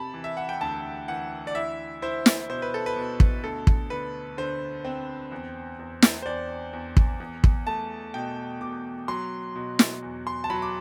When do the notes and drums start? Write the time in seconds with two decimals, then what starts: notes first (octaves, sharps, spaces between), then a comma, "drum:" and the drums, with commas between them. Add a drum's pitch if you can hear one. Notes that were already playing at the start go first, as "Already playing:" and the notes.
Already playing: C3 A5 B5
0.14 E3
0.24 E5
0.37 F#5
0.49 G5
0.61 D2 A5
1.08 E3 F#5
1.47 D5
1.55 E4 E5
2.02 E4 C5
2.26 drum: snare
2.49 B2 C5
2.62 B4
2.74 A4
2.86 B4
2.96 B2
3.20 drum: kick
3.43 D2 A4
3.67 drum: kick
3.90 D3 B4
4.38 D3 C5
4.85 C4
5.32 E2
5.79 E2
6.02 drum: snare
6.22 C5
6.25 E2 D5
6.73 E2
6.97 drum: kick
7.20 E2
7.44 drum: kick
7.67 A3 A5
8.14 B2 G5
8.61 B2 D6
9.08 F#3 C6
9.55 B2
9.79 drum: snare
10.03 E2
10.27 C6
10.44 A5
10.50 F#3 B5
10.62 D6